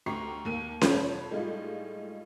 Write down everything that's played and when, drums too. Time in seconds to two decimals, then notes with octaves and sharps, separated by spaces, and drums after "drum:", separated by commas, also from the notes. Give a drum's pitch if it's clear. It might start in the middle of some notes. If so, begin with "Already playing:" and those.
0.06 D2 G4 A#5 C#6 C7
0.45 D#2 A#3 D#7
0.81 C2 F2 C#5 A5 B5 G6, drum: snare C#4
1.31 A2 G3 G#3 D#4 F4